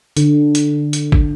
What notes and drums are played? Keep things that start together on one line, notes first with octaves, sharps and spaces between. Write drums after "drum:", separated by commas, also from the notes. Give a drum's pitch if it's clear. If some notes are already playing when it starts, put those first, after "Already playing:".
D3, drum: hi-hat
drum: hi-hat
drum: hi-hat
drum: kick G#1